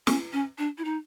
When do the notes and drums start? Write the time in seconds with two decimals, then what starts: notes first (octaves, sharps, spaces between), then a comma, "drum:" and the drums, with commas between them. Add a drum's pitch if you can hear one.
0.07 C#4, drum: snare
0.33 C#4
0.58 D4
0.78 E4
0.85 D#4